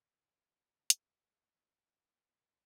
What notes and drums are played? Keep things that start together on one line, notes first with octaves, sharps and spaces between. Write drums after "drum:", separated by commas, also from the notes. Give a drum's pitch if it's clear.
A3 B3 C4 D4 F#4 G#4
drum: hi-hat